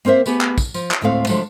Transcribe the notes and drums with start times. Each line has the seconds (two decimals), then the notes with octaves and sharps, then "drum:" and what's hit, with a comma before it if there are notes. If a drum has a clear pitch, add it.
0.05 A#3 C4 A#4 C5 E5
0.26 A3 B3 G4 G#4, drum: tambourine
0.41 drum: clap
0.58 drum: kick, tambourine
0.74 F3, drum: tambourine
0.91 drum: clap
1.01 D2 A2 G#3 A3 C4 F5
1.27 D3 F3 F#3 G#3 A3, drum: tambourine